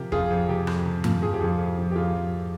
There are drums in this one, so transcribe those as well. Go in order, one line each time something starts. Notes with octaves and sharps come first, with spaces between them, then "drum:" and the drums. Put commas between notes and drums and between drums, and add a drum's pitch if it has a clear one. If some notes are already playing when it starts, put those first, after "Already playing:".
Already playing: C3 F3 G4 A#4
F2 F4 G#4, drum: kick
F2
C3 G4
F2, drum: rim click
C3
F3, drum: tom G2
F3 G#4
G4
F2 F4 G#4
F2
F3
G4
F2 F4 G#4
F2